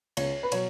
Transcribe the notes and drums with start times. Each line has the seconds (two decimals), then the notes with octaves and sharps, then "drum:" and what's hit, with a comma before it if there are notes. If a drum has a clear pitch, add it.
0.17 C#2 C#5, drum: cymbal
0.43 B4
0.52 B2 F#3 C#5, drum: cymbal